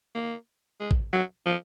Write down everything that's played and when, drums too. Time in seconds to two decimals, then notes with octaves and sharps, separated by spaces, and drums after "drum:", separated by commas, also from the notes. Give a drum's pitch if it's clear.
0.15 A#3
0.80 G#3
0.91 drum: kick A1
1.13 F#3
1.46 F3